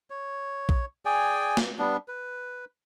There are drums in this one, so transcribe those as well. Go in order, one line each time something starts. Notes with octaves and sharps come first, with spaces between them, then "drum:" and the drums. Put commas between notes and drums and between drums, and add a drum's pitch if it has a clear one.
C#5
drum: kick A#1
G#4 D5 G5 G#5
drum: snare
G3 B3 D4
B4